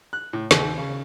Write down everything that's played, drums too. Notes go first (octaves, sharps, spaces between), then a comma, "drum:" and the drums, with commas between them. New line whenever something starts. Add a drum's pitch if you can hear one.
F#6
A2
D#2, drum: snare
C#3